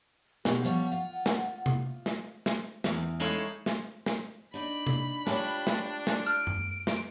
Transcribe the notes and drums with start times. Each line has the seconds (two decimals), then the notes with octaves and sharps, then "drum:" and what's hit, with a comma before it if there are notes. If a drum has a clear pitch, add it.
0.45 B2 D#4 G4, drum: snare
0.65 F3 G3 C#5 F#5
0.92 F4
1.26 drum: snare
1.66 drum: tom C3
2.06 drum: snare
2.46 drum: snare
2.84 E2, drum: snare
3.20 G#3 A3 D#4 E4 C#5 F5
3.66 drum: snare
4.06 drum: snare
4.54 D4 D#4 D5 B5
4.87 drum: tom C3
5.27 D4 F4 G4 C#5, drum: snare
5.67 drum: snare
6.07 drum: snare
6.27 F6 D7
6.47 drum: tom F#2
6.87 drum: snare